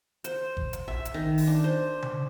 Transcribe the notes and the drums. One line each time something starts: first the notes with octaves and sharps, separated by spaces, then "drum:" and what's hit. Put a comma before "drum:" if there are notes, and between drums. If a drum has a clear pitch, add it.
C5, drum: hi-hat
drum: kick F#1
drum: hi-hat
E5, drum: tom A#1
drum: hi-hat
D#3
drum: open hi-hat
D4
C5
drum: tom C#3